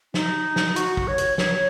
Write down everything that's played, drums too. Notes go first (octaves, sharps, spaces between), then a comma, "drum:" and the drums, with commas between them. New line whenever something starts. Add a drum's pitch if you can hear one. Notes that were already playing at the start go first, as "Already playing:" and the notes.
D#4, drum: snare
drum: snare
F#4, drum: hi-hat
drum: kick
C#5
drum: hi-hat
C#5, drum: snare